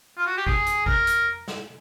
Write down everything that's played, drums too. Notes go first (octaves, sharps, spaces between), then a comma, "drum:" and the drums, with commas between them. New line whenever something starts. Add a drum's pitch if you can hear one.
F4
F#4
G4
G#4, drum: kick
drum: hi-hat
A#4, drum: kick
drum: hi-hat
drum: snare